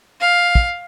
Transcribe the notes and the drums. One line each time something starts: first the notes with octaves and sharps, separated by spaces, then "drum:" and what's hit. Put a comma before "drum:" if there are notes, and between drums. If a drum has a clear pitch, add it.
F5
drum: kick